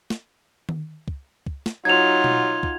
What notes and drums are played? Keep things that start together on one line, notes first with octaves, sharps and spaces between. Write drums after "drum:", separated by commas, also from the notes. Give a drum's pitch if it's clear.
drum: snare
drum: tom D#3
drum: kick
drum: kick
drum: snare
F#3 D#4 F4 G#6 F7
drum: tom B2
drum: kick